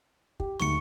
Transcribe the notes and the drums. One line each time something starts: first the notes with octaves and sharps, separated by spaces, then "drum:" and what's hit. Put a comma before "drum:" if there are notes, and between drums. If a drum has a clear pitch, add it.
G4, drum: kick
D2 G#2 C#6 C#7, drum: snare